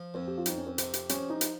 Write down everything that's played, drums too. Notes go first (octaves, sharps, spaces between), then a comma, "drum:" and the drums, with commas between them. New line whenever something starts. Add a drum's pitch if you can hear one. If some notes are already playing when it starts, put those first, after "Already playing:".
Already playing: F3
F2 C4
G4
F4
F2 D#4, drum: hi-hat
C#4
C4
C3, drum: hi-hat
drum: hi-hat
F3 C#4, drum: hi-hat
D#4
drum: hi-hat